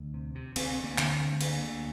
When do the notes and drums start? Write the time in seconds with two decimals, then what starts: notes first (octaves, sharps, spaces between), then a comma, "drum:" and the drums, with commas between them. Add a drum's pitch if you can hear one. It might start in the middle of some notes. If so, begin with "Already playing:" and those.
Already playing: D2
0.14 C3
0.35 C3
0.56 D2 C4, drum: cymbal
0.77 D2
0.84 A#3
0.98 D3, drum: clap
1.13 C4
1.20 D3
1.33 A3
1.41 D2 A#3, drum: cymbal
1.62 D2